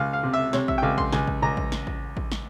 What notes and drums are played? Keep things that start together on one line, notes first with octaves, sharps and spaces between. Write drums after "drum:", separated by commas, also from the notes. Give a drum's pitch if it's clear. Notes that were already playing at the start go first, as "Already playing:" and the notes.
Already playing: C#2 F5
F5
C3
E5
C3 C#5, drum: snare
E5, drum: kick A1
G5
C#2 F5
C6, drum: kick A1
C#2 G#5, drum: snare
drum: kick A1
C#2 A#5
drum: kick A1
drum: snare
drum: kick A1
drum: kick A1
drum: snare